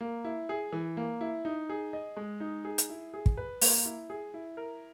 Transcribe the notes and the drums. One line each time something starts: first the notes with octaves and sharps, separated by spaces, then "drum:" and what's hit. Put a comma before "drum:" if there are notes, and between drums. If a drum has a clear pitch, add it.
A#3
E4
G#4
E3
A#3
E4
D#4
G#4
D#5
G#3
D#4
G#4
drum: hi-hat
E4
G#4
drum: kick
B4
A#3, drum: open hi-hat
E4
G#4
E4
A#4